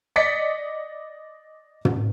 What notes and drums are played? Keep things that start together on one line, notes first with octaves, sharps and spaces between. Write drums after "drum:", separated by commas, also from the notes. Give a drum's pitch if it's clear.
D5 D#5 A6 B6 C#7
drum: tom